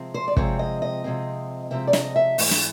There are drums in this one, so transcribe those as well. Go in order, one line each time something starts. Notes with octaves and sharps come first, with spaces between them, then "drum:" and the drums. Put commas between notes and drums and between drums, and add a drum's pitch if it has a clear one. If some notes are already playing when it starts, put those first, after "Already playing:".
Already playing: C3 F3 G#3 C4
C5
D5
C3 F3 G#3 C4 C#5, drum: kick
D#5
D#5
C3 F3 G#3 C4
C3 F3 G#3 C4 E5
D5
D#5, drum: snare
E5
G#2 E3 A3, drum: open hi-hat
drum: snare